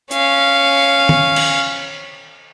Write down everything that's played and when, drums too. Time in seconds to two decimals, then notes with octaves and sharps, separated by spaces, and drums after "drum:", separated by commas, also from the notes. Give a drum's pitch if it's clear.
0.11 C#4 F5, drum: hi-hat
1.09 drum: tom
1.36 drum: cymbal